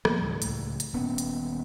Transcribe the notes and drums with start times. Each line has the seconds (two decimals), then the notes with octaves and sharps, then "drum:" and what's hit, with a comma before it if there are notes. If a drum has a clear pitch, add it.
0.05 F3 A#3 B3, drum: rim click
0.21 C#2 G#2 E3 G3
0.42 C#2 A2, drum: hi-hat
0.80 drum: hi-hat
0.93 D#1 B3 C#4
1.18 drum: hi-hat